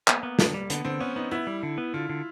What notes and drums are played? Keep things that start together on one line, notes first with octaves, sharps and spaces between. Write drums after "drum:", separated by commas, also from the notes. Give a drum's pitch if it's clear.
A#3 B3, drum: clap
B3
D3, drum: snare
G3
D3 B3, drum: hi-hat
D3 C4
B3 C#4
B3 D#4
B3 E4
G3
D3
B3
D3 F4
D3